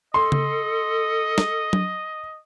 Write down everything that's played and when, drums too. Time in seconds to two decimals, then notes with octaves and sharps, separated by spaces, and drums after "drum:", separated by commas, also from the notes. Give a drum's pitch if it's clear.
0.14 A4 D#5 C6
0.32 drum: tom C#3
1.38 drum: snare
1.73 drum: tom F#3